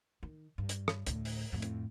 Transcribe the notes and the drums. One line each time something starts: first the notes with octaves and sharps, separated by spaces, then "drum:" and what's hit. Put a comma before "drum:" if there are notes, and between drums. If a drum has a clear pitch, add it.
D#3
G2
drum: hi-hat
drum: rim click
D2 A2, drum: hi-hat
drum: open hi-hat
F2 A2
drum: hi-hat